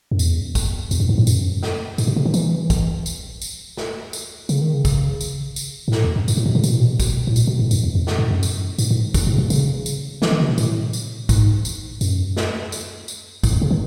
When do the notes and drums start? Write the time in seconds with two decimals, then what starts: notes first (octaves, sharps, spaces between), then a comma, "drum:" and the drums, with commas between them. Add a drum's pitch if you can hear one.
0.11 F#2
0.19 E2, drum: tambourine
0.55 drum: kick, tambourine
0.91 E2, drum: tambourine
1.00 F#2
1.09 G#2
1.18 A2
1.27 F#2, drum: tambourine
1.63 drum: snare
1.98 G#2, drum: tambourine
2.07 B2
2.16 C#3
2.26 D#3
2.34 E3, drum: tambourine
2.70 drum: kick, tambourine
3.06 drum: tambourine
3.42 drum: tambourine
3.77 drum: snare
4.13 drum: tambourine
4.49 C#3, drum: tambourine
4.61 D#3
4.74 C#3
4.85 drum: kick, tambourine
5.21 drum: tambourine
5.56 drum: tambourine
5.88 G#2
5.92 A2, drum: snare
6.04 E2
6.16 F#2
6.28 G#2, drum: tambourine
6.37 A2
6.46 B2
6.55 C#3
6.64 B2, drum: tambourine
6.72 A2
6.79 B2
7.00 drum: kick, tambourine
7.27 A2
7.36 B2, drum: tambourine
7.47 B2
7.59 G#2
7.71 F#2, drum: tambourine
7.84 E2
7.95 E2
8.07 drum: snare
8.18 G#2
8.31 F#2
8.43 drum: tambourine
8.78 G#2, drum: tambourine
8.91 G#2
9.14 F#2, drum: kick, tambourine
9.27 G#2
9.33 C#3
9.38 B2
9.50 C#3, drum: tambourine
9.86 drum: tambourine
10.22 E3, drum: snare
10.31 D#3
10.40 C#3
10.49 B2
10.58 A2, drum: tambourine
10.93 drum: tambourine
11.29 G#2, drum: kick, tambourine
11.65 drum: tambourine
12.01 F#2, drum: tambourine
12.37 drum: snare
12.72 drum: tambourine
13.08 drum: tambourine
13.43 G#2, drum: kick, tambourine
13.53 E2
13.62 C#3
13.71 D#3